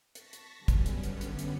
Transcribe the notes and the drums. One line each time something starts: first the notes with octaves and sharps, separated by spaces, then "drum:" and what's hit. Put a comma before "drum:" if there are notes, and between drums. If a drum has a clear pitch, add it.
A5 C#6 A#6 B6, drum: hi-hat
drum: hi-hat
F#2 D3 G3 B3 C#4
drum: kick, hi-hat
drum: hi-hat
drum: hi-hat
drum: hi-hat
drum: hi-hat